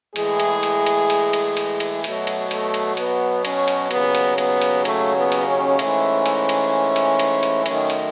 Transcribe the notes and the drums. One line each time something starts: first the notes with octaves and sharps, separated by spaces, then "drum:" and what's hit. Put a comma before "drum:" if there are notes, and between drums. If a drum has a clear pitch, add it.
A2 E3 G#3 G#4, drum: cymbal
drum: cymbal
drum: cymbal
drum: cymbal
drum: cymbal
drum: cymbal
drum: cymbal
drum: cymbal
B2 F#3 A3, drum: cymbal
drum: cymbal
A3, drum: cymbal
drum: cymbal
B3, drum: cymbal
C#4, drum: cymbal
drum: cymbal
D#2 C#3 F#3 B3, drum: cymbal
drum: cymbal
B3, drum: cymbal
drum: cymbal
A3, drum: cymbal
B3
drum: cymbal
C#4
G#2 E3 A3, drum: cymbal
drum: cymbal
drum: cymbal
drum: cymbal
drum: cymbal
drum: cymbal
F#2 D#3 A3 C#4, drum: cymbal
drum: cymbal